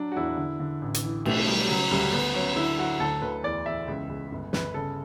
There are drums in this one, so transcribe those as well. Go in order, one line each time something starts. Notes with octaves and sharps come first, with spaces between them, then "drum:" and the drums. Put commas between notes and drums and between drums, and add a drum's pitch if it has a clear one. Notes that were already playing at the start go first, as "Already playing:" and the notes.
Already playing: F#3 D4
F#4
E2 E4
D3
D3
A1
drum: hi-hat
E3
B1 A3, drum: cymbal
F#3 G3
C#3 F#3
D2 G3
D2 B3
F#3 C#4
D3 E4
F#3 F#4
D2 A4
D2 B4
E2 D5
E2 E5
C#2
C#2
G1
G1 B4, drum: snare
C#3 A4